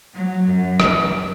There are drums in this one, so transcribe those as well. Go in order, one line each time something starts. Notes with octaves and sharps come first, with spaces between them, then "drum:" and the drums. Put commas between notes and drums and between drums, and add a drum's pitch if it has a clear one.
F#3
F#2
drum: rim click